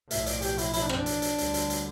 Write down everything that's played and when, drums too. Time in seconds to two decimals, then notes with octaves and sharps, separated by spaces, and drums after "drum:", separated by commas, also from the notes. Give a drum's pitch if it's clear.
0.11 B1 A2 F3 E5, drum: hi-hat
0.26 D5, drum: hi-hat
0.42 G4, drum: hi-hat
0.58 E4, drum: hi-hat
0.73 E4, drum: hi-hat
0.82 D4
0.89 C4, drum: rim click
0.97 D4
1.06 drum: hi-hat
1.22 drum: hi-hat
1.38 D2 D3 G3, drum: hi-hat
1.54 drum: hi-hat
1.70 drum: hi-hat